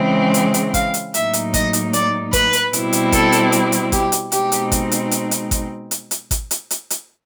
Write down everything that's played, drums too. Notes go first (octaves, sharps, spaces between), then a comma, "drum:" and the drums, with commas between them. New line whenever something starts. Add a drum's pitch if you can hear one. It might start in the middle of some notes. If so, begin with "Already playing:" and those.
Already playing: C#3 E3 G#3 C4
drum: hi-hat
drum: hi-hat
F5, drum: kick G#1, hi-hat
drum: hi-hat
A2 F#3 A#3 D#4 E5, drum: hi-hat
drum: hi-hat
D#5, drum: kick G#1, hi-hat
drum: hi-hat
D5, drum: hi-hat
B4, drum: kick G#1, hi-hat
drum: hi-hat
B2 G3 C4 E4, drum: hi-hat
drum: hi-hat
A4, drum: kick G#1, hi-hat
drum: hi-hat
drum: hi-hat
drum: hi-hat
G4, drum: kick G#1, hi-hat
drum: hi-hat
B2 G#3 C4 D#4 G4, drum: hi-hat
drum: hi-hat
drum: kick G#1, hi-hat
drum: hi-hat
drum: hi-hat
drum: hi-hat
drum: kick G#1, hi-hat
drum: hi-hat
drum: hi-hat
drum: kick G#1, hi-hat
drum: hi-hat
drum: hi-hat
drum: hi-hat